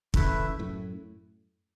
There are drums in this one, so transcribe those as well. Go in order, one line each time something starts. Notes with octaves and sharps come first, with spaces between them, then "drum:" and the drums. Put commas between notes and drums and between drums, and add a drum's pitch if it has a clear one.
C#3 E3 A3 E4 B4 E5, drum: kick
F#2 A2